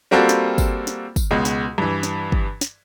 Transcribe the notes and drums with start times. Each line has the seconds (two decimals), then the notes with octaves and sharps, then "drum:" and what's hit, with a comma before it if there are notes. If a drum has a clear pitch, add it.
0.11 G3 A#3 C4 F4 F#4 A4
0.29 drum: snare
0.58 drum: kick, tambourine
0.87 drum: snare
1.16 drum: kick, tambourine
1.31 C#2 B2 G#3
1.45 drum: snare
1.78 G2 E3
2.03 drum: snare
2.32 drum: kick
2.61 drum: snare